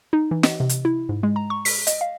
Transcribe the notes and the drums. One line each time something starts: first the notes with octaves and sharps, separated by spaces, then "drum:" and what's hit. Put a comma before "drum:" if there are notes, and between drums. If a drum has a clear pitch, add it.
D#4
E3
D#5, drum: snare
C3
drum: hi-hat
E4
G#2
G#3
A#5
C#6
B6, drum: open hi-hat
D#5, drum: hi-hat
F5